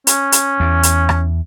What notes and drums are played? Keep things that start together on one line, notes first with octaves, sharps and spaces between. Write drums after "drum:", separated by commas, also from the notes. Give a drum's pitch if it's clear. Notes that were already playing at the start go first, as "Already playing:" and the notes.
C#4, drum: hi-hat
drum: hi-hat
E2
drum: hi-hat
drum: rim click